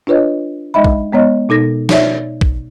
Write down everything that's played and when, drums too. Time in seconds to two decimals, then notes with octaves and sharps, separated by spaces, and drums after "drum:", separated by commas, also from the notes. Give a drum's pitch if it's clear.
0.07 D4 F4 B4 C#5 D#5
0.74 G#3 D#4 D#5 E5 B5
0.84 drum: kick
1.12 G#3 B3 C#5 D#5
1.49 B2 D#4 A4 A#6
1.89 D#4 C#5 D5 E5, drum: snare
2.41 drum: kick